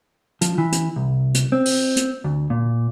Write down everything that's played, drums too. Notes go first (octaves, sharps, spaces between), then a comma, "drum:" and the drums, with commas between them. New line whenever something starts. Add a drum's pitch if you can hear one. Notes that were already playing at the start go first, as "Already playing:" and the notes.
F3, drum: hi-hat
E3
drum: hi-hat
C2
drum: hi-hat
C4
drum: open hi-hat
drum: hi-hat
D2
A#2